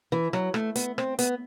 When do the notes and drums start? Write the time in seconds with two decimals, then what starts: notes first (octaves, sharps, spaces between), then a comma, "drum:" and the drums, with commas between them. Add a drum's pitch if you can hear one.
0.12 E3
0.33 F#3, drum: rim click
0.54 A3, drum: rim click
0.76 B3, drum: hi-hat
0.98 C4, drum: rim click
1.19 B3, drum: hi-hat